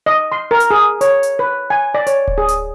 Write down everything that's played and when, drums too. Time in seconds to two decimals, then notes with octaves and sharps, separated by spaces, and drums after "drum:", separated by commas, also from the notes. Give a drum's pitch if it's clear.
0.06 D#5
0.32 C6
0.51 A#4
0.60 drum: hi-hat
0.71 G#4
1.01 C#5, drum: hi-hat
1.23 drum: hi-hat
1.39 B4
1.70 G#5
1.94 D5
2.07 C#5, drum: hi-hat
2.28 drum: kick D1
2.38 G#4
2.48 drum: hi-hat